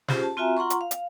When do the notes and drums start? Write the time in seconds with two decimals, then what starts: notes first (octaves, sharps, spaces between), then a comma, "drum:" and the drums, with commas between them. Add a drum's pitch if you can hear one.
0.08 C#4 F4 G4 G#4 C5, drum: snare
0.23 A5
0.37 C4 F4 F#4 E5 G#5 A#5
0.57 F4 F#5 A#5 C6 C#6
0.70 drum: hi-hat
0.81 F5
0.91 drum: hi-hat